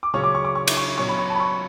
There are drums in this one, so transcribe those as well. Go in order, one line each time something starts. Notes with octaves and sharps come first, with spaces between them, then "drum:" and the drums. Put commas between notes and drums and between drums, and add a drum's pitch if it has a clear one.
D6
C#3 F#3 C#4 C#6
D6
C#6
D6
C#6
drum: cymbal
C#6
B2 F#3 C#4 C#6
B5
C#6
A5
B5
C#6